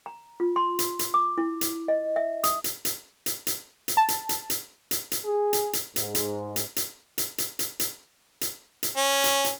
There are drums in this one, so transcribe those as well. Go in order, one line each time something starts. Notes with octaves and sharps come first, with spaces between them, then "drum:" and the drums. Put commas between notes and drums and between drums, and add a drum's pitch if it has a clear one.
A#5
F4
C6
drum: hi-hat
drum: hi-hat
D6
E4
drum: hi-hat
D#5
E5
D#6, drum: hi-hat
drum: hi-hat
drum: hi-hat
drum: hi-hat
drum: hi-hat
drum: hi-hat
A5
drum: hi-hat
drum: hi-hat
drum: hi-hat
drum: hi-hat
drum: hi-hat
G#4
drum: hi-hat
drum: hi-hat
G#2, drum: hi-hat
drum: hi-hat
drum: hi-hat
drum: hi-hat
drum: hi-hat
drum: hi-hat
drum: hi-hat
drum: hi-hat
drum: hi-hat
drum: hi-hat
C#4
drum: hi-hat
drum: hi-hat